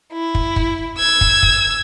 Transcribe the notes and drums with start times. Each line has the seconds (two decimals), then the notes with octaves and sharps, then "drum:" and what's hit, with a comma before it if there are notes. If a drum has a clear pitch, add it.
0.13 E4
0.35 drum: kick
0.56 drum: kick
0.98 E6 G#6
1.21 drum: kick
1.43 drum: kick